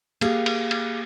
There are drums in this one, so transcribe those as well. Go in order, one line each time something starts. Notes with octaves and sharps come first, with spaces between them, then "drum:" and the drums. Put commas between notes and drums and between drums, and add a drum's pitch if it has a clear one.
A#3 G4 G#4 F5, drum: cymbal
drum: cymbal
drum: cymbal